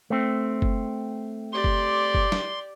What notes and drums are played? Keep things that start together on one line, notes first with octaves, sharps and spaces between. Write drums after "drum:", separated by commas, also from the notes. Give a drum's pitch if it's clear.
A3 C4
drum: kick F#1
G4 D5 C6
drum: kick F#1
drum: kick F#1
drum: snare